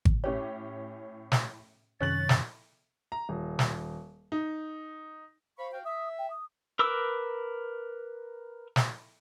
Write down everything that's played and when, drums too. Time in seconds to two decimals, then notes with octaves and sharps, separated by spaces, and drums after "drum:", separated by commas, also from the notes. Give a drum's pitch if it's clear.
0.05 drum: kick G#1
0.24 A2 C#4 G4 C#5
1.32 drum: snare
2.01 F#2 C3 D#3 C#4 F#6 A6 F#7
2.29 drum: snare
3.12 A#5
3.29 D#1
3.59 drum: snare
4.32 D#4
5.58 C5 F5 B5 C#6
5.73 F#4 F5 G5
5.85 E5 D#6
6.18 G5
6.30 D#6
6.79 A#4 B4 D6 E6
8.76 drum: snare